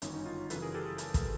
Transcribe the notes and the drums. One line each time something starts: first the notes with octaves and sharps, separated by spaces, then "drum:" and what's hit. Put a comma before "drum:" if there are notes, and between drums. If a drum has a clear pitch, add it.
G1 F#2 D#3 F#3 C#4 D#4, drum: hi-hat
C#4 D#4
D#4 F4
F#2 C#3 E3 A4 B4, drum: hi-hat
G#4 A#4
G4 A4
drum: hi-hat
drum: kick, hi-hat